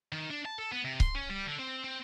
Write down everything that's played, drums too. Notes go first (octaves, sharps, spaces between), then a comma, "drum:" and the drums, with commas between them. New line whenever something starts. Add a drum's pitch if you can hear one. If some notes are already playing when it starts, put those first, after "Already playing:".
D#3
D4
A5
A4
B3
C3
C6, drum: kick C#1
C#4
G3
D3
C4
C4